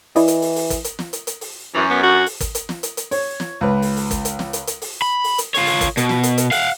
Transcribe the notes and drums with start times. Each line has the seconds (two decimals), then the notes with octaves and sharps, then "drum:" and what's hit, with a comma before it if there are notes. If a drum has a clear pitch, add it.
0.16 E3 E4 D5 D#5, drum: open hi-hat
0.28 drum: hi-hat
0.42 drum: open hi-hat
0.56 drum: open hi-hat
0.70 drum: kick, hi-hat
0.84 drum: hi-hat
0.99 drum: snare
1.13 drum: hi-hat
1.27 drum: hi-hat
1.41 drum: open hi-hat
1.74 F#2 E3
1.90 B3
2.03 F#4
2.26 drum: open hi-hat
2.40 drum: kick, hi-hat
2.55 drum: hi-hat
2.69 drum: snare
2.83 drum: hi-hat
2.97 drum: hi-hat
3.11 C#5, drum: open hi-hat
3.40 drum: snare
3.61 C#2 B4
3.82 drum: open hi-hat
3.96 drum: open hi-hat
4.11 drum: kick, hi-hat
4.25 drum: hi-hat
4.39 drum: snare
4.53 drum: hi-hat
4.67 drum: hi-hat
4.82 drum: open hi-hat
5.02 B5
5.24 drum: open hi-hat
5.38 drum: hi-hat
5.54 F4 C#5, drum: open hi-hat
5.67 drum: open hi-hat
5.81 drum: kick, hi-hat
5.97 B2, drum: hi-hat
6.09 drum: snare
6.23 drum: hi-hat
6.38 drum: hi-hat
6.51 F5 F#5, drum: open hi-hat